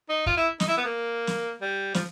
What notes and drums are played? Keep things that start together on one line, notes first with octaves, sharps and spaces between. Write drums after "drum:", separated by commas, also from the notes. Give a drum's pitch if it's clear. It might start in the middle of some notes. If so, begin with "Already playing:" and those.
D#4
F4, drum: kick
E4
D#4, drum: snare
E4
B3
A#3
drum: snare
G3
F3, drum: snare